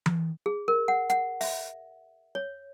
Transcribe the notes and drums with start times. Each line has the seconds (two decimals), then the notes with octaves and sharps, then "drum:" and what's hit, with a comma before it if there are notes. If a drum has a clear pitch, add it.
0.06 drum: tom E3
0.46 G#4
0.68 A#4
0.88 F#5
1.10 F#5, drum: hi-hat
1.41 E5, drum: open hi-hat
2.35 C#5